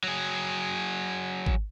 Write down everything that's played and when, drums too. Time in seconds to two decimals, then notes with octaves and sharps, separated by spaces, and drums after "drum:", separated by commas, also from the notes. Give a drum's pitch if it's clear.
0.04 F#3 G#4
1.46 drum: kick G#1